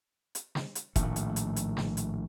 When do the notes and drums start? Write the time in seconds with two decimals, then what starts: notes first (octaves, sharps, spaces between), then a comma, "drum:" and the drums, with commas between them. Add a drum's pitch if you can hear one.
0.35 drum: hi-hat
0.55 drum: snare
0.75 drum: hi-hat
0.96 A#1 A2 D#3 A3, drum: kick F1, hi-hat
1.16 drum: hi-hat
1.36 drum: hi-hat
1.56 drum: hi-hat
1.77 drum: snare
1.97 drum: hi-hat